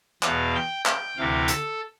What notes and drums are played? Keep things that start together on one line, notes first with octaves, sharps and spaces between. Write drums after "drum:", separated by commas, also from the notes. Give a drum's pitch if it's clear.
E2 B2 F5, drum: clap
G5
G5, drum: clap
D2 C3 E3 F5
A4, drum: hi-hat